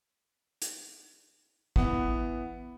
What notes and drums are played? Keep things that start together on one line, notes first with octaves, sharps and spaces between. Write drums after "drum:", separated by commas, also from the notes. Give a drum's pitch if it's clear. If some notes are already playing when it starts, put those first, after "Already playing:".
drum: hi-hat
E3 B3, drum: kick A1